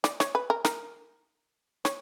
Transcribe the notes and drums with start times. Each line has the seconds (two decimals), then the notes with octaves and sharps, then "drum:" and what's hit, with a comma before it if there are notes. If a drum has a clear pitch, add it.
0.04 D5, drum: snare
0.20 C#5, drum: snare
0.35 B4
0.50 A#4
0.65 A#4, drum: snare
1.85 C#5, drum: snare